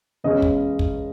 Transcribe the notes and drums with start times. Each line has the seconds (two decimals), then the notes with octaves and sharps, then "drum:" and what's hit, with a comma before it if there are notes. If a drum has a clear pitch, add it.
0.24 E2 C#3 G#3 C#4 D#5
0.42 drum: kick
0.79 drum: kick